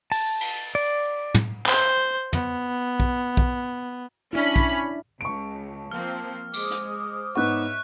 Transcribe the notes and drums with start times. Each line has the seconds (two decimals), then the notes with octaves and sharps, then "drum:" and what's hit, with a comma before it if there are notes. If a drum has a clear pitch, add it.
0.12 A5, drum: open hi-hat
0.41 drum: cymbal
0.75 D5
1.34 drum: tom
1.66 C5, drum: clap
2.33 B3, drum: tom
3.00 drum: kick
3.37 drum: kick
4.33 C#4 D4 E4 B5
4.56 drum: kick
5.21 C#2 A5 C#6 D7
5.91 F3 A#3 C4 F6
6.54 G#3 C5 D6 D#6, drum: tambourine
6.71 drum: hi-hat
7.35 G#2 B3 C#5 E5 F#5 C#6 F#6